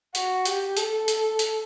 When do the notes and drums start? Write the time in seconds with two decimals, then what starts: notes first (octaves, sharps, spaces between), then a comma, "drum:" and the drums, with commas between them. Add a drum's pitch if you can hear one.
0.15 F#4, drum: hi-hat
0.45 G4, drum: hi-hat
0.77 A4, drum: hi-hat
1.08 drum: hi-hat
1.39 drum: hi-hat